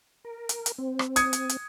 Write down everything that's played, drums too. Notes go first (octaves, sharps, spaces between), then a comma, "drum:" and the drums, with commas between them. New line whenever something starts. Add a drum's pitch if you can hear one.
A#4
drum: hi-hat
drum: hi-hat
C4
drum: rim click
D#6 G#6 C#7, drum: hi-hat
drum: hi-hat
drum: hi-hat